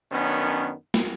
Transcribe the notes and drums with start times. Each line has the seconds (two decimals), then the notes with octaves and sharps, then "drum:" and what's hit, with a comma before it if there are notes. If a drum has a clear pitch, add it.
0.12 F#2 D#3 B3 C#4 D4
0.94 drum: snare